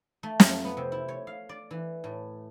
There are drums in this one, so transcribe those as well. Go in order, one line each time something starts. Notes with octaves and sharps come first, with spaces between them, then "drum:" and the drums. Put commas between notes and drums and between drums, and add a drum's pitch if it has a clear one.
A3
F2, drum: snare
B3
C3
E4
C#5
F5
D5
E3
A2